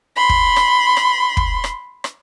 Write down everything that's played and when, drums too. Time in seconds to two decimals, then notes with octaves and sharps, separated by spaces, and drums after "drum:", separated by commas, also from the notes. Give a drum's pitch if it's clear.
0.16 B5 C6
0.29 drum: kick
0.56 drum: rim click
0.97 drum: rim click
1.37 drum: kick
1.64 drum: rim click
2.04 drum: rim click